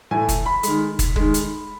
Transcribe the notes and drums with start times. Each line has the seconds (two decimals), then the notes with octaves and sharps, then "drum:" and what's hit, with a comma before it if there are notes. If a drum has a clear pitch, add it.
0.11 A2 E3 A3 G#5
0.29 drum: kick, hi-hat
0.46 B5
0.63 D#3 G#3, drum: hi-hat
0.99 drum: kick, hi-hat
1.16 D#3 G#3, drum: kick
1.34 drum: hi-hat